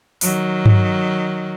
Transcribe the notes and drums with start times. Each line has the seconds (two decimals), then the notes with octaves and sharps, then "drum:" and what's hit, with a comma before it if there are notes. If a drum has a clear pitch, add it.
0.21 D#3 F#3, drum: open hi-hat
0.66 drum: tom G2